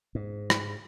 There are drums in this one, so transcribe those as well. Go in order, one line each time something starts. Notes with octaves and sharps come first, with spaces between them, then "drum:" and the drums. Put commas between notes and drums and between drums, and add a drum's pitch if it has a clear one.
G#2
drum: rim click